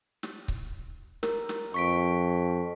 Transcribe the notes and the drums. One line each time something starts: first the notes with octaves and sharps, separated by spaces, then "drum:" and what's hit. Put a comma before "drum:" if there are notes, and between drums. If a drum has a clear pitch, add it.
drum: snare
drum: kick C#1
A#4, drum: snare
drum: snare
F2 C#6 B6 D7